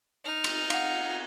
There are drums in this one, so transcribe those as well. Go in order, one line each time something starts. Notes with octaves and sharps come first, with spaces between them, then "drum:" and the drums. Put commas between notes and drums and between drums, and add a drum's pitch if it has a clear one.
D#4 F6
drum: cymbal
F5 F#5, drum: cymbal